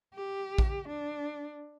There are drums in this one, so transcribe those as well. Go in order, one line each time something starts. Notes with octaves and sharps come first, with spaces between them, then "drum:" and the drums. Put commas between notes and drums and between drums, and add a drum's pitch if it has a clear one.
G4
drum: kick
D4